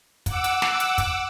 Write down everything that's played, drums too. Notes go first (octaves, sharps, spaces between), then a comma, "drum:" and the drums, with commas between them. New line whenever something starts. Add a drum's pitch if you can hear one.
F#5 D6 E6, drum: kick, hi-hat
drum: hi-hat
drum: snare
drum: hi-hat
drum: kick, hi-hat